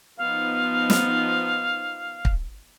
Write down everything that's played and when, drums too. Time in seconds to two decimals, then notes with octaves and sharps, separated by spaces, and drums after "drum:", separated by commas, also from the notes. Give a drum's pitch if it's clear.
0.18 F3 B3 D#4 F5
0.90 drum: snare
2.25 drum: kick